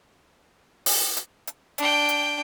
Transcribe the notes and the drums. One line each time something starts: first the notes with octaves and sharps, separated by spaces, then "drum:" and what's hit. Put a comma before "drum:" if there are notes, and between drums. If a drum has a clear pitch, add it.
drum: open hi-hat
drum: hi-hat
drum: hi-hat
D4 G5, drum: hi-hat
drum: hi-hat